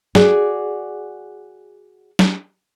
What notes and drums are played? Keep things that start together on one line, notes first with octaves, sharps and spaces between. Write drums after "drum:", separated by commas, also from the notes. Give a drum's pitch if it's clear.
F#4 G#4 D5, drum: snare
drum: snare